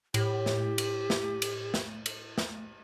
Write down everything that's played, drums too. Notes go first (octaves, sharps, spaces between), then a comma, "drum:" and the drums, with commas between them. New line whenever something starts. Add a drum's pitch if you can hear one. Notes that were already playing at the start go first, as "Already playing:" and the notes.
A2 G4, drum: cymbal
drum: snare
drum: cymbal
drum: snare
drum: cymbal
drum: snare
drum: cymbal
drum: snare